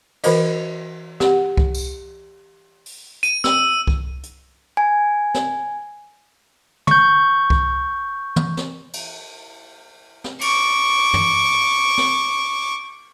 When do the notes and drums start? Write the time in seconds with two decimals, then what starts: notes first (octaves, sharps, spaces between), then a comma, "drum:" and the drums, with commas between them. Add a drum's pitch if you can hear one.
0.24 E3 F#4 A#4 C5 D#5, drum: cymbal
1.20 G4 F#5, drum: snare
1.57 drum: kick C2
1.75 drum: tambourine
2.86 drum: open hi-hat
3.23 D#7, drum: hi-hat
3.44 E6, drum: snare
3.87 drum: kick C2
4.23 drum: hi-hat
4.77 G#5
5.34 drum: snare
6.87 C#6 G6, drum: tom
7.50 drum: kick C2
8.36 drum: tom
8.57 drum: snare
8.93 drum: cymbal
10.24 drum: snare
10.41 C#6 D6, drum: cymbal
11.14 drum: tom
11.98 drum: snare